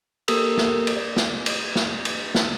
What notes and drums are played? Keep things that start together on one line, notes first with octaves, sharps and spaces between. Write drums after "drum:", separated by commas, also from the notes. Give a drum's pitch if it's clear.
A#3 G4 A4 A#4 D#6 E6, drum: cymbal
drum: snare
drum: cymbal
D5
drum: snare
drum: cymbal
drum: snare
drum: cymbal
drum: snare